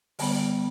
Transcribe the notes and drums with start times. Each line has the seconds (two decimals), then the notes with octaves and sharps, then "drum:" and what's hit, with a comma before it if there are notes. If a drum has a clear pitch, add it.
0.19 D3 G3 B3, drum: open hi-hat